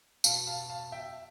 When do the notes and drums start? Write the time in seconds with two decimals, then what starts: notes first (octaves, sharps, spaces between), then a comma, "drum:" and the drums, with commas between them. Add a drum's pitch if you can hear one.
0.24 B2 F5 A5, drum: tambourine
0.47 F5 A5
0.70 F5 A5
0.92 E5 G5